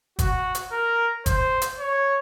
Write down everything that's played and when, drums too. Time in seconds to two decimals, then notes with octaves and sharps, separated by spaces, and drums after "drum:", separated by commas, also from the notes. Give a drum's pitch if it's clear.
0.19 F#4, drum: kick, hi-hat
0.55 drum: hi-hat
0.72 A#4
1.26 C5, drum: kick, hi-hat
1.61 drum: hi-hat
1.79 C#5